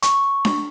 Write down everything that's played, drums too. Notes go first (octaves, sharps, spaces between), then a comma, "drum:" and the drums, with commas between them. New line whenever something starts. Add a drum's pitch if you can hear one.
C#6, drum: hi-hat
drum: snare D4